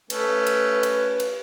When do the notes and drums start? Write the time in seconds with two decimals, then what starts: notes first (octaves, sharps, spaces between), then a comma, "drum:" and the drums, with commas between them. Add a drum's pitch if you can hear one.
0.10 A3 C#4 B4, drum: cymbal
0.47 drum: cymbal
0.83 drum: cymbal
1.20 drum: cymbal